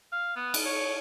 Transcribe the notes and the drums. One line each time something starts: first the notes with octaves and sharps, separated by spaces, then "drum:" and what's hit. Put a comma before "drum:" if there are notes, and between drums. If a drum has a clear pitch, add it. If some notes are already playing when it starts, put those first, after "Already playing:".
F5
B3
drum: cymbal
C#5